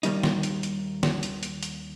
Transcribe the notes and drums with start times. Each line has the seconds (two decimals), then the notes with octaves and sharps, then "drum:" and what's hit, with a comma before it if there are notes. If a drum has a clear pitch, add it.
0.03 D#2 D#3 G3 A#3 D#4, drum: hi-hat
0.23 drum: snare
0.43 drum: hi-hat
0.63 drum: hi-hat
1.03 drum: snare
1.23 drum: hi-hat
1.43 drum: hi-hat
1.63 drum: hi-hat